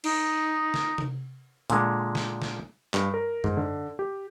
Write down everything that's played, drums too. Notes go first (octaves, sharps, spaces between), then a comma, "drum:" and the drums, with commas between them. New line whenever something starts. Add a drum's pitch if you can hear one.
D#4, drum: cymbal
drum: snare
drum: tom C3
A#2 D3 G#3, drum: hi-hat
drum: snare
drum: snare
G2, drum: clap
A#4
G#2, drum: tom F#2
D3
G4